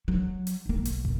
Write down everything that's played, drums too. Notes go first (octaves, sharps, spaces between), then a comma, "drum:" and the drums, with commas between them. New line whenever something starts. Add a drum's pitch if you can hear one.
F#3
drum: hi-hat
B1 A#3
drum: hi-hat
drum: kick